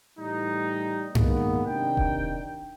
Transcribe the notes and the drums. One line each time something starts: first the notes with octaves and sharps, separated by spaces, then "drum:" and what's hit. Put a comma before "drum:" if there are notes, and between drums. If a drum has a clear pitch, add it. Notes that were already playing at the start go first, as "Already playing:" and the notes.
A2 E3 G3 D#4
D#3 G#3 A#3 B3, drum: tom G2
C3 D#3 D4 G5
drum: kick E1